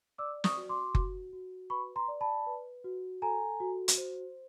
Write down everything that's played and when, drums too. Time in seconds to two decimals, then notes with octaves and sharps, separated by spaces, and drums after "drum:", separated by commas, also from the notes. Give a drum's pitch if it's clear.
0.18 D5 D6 E6
0.44 C#6 D#6, drum: snare
0.56 F#4
0.69 C6 D6
0.95 F#4, drum: kick F#1
1.33 F#4
1.70 B4 B5 C#6
1.96 A#5 C6
2.08 D5
2.21 A5 B5
2.47 B4
2.84 F#4
3.22 A4 G#5 A#5
3.60 F#4
3.88 drum: hi-hat
3.98 C5